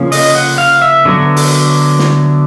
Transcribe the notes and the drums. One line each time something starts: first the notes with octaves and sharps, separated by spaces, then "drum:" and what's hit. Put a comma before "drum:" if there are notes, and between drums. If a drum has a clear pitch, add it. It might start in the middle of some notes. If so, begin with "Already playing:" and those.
Already playing: C#3 F3 A#3 C#4
D#5, drum: open hi-hat
F#5
F5
E5
D3 F#3 B3
drum: open hi-hat
drum: snare